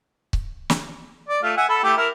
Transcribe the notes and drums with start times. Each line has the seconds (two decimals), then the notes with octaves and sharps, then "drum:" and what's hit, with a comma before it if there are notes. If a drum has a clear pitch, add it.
0.33 drum: kick C#1
0.70 drum: snare
1.29 D5
1.43 A3 F4
1.57 E5 F#5 G#5
1.69 A4 B5
1.84 A3 E4 G4
1.97 E4 A#4